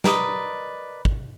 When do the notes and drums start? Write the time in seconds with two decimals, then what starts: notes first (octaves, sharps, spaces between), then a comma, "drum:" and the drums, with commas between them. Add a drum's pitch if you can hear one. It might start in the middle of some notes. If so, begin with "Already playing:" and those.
0.04 A#4 B4 D5 D#5, drum: snare
1.05 drum: kick